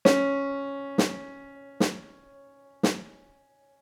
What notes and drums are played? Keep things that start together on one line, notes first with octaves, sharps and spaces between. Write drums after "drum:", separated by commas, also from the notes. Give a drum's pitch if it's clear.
C#4, drum: snare
drum: snare
drum: snare
drum: snare